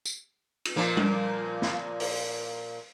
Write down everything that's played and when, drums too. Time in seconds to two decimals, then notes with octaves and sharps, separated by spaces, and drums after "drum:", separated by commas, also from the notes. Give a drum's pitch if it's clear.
0.05 drum: tambourine
0.65 drum: cymbal
0.76 A#2 F3 A#3
0.97 drum: tom G3
1.62 drum: snare
2.00 drum: open hi-hat